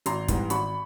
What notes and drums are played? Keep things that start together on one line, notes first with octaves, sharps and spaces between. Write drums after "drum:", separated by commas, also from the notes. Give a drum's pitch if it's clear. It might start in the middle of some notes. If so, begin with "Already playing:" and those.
G#1 A#5 C6, drum: hi-hat
G#2 E3 G3, drum: kick, hi-hat
G#1 B5 C#6, drum: hi-hat